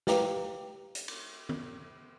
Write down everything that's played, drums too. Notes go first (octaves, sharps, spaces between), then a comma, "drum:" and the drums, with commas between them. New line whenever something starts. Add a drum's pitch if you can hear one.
G4 B4 F5 G5 A#5 D6, drum: snare
drum: hi-hat
drum: cymbal
drum: tom D#3